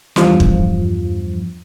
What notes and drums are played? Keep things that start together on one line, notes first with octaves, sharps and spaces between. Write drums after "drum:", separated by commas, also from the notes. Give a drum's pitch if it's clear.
E2 G2 F3, drum: snare
drum: kick